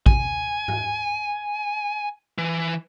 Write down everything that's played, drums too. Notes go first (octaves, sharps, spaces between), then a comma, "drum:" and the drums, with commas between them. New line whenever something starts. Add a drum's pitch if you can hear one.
G#5, drum: kick
drum: tom G#2
E3